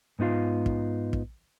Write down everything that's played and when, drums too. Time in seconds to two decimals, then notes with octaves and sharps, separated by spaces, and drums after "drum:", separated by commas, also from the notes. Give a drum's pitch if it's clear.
0.19 G#2 B3 D#4 F4 F5
0.66 drum: kick
1.13 drum: kick